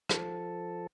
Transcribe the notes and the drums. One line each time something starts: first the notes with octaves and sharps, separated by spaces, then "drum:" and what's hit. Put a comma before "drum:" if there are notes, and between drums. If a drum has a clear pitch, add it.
F3 A4, drum: rim click